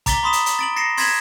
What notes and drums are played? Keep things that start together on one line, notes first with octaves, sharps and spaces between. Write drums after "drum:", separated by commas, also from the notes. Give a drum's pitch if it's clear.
A#5 D6 A6 B6 G7, drum: kick, hi-hat
B5 C6 D#6 B6 E7
drum: hi-hat
drum: hi-hat
A6 D7 F#7
A6 A#6 C7 C#7 E7
C6 G#6 A6 B6 E7 F#7, drum: open hi-hat